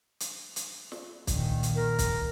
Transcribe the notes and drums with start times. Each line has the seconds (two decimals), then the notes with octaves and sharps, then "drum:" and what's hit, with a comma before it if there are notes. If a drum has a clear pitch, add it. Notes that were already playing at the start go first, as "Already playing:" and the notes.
0.20 drum: hi-hat
0.56 drum: hi-hat
0.92 drum: snare
1.27 A#2 D#3, drum: kick, hi-hat
1.63 drum: hi-hat
1.76 A#4
1.99 drum: kick, hi-hat